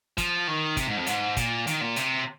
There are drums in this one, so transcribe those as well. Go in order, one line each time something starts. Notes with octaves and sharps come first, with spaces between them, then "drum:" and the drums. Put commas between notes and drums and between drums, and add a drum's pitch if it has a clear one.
F3, drum: kick, hi-hat
D#3
C3, drum: kick, hi-hat
G#2
F2
G#2, drum: hi-hat
A#2, drum: kick, hi-hat
D#3, drum: hi-hat
A#2
C3, drum: hi-hat